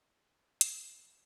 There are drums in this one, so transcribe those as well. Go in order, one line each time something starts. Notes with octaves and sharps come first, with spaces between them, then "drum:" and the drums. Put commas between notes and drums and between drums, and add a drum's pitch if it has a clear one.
B2 C4 C5
C3
drum: hi-hat
F4 F#5
E2 F3 A#4 C6
C5